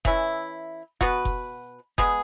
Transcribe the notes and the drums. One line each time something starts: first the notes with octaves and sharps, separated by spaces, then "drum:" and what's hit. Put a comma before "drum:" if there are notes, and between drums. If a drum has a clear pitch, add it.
E3 C#4 E4, drum: kick F1
B2 B3 F#4 B4, drum: kick F1
drum: kick F1
G#3 B3 G#4, drum: kick F1